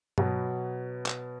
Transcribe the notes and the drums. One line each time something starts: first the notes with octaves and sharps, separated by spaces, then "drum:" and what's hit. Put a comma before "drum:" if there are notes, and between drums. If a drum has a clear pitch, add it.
B2 F#3 B3, drum: tom G2
drum: clap